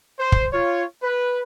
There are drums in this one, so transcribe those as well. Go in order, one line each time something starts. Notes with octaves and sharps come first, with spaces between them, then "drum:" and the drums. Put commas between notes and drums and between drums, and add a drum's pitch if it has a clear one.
C5
drum: kick
F4 C#5
B4